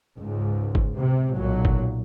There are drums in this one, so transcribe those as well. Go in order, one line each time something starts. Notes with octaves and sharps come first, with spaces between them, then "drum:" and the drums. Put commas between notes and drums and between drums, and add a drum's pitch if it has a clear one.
C#2 G#2
drum: kick G1
C3
B1 A#2 F#3
drum: kick G1